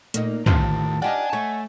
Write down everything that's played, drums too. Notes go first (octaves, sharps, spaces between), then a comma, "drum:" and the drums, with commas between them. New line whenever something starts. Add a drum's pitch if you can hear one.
A#2 A3 A#3 D#4, drum: hi-hat
A2 D3 D#3 F4 G4 C5 A5, drum: tom
D#4 F4 G4 D5 D#5 F#5 G#5 A5
A3 C#5